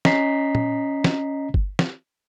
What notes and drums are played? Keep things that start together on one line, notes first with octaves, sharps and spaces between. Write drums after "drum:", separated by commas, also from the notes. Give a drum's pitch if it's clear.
C#4 D#5 A#5 B6 C7, drum: snare
drum: tom
drum: snare
drum: kick G1
drum: snare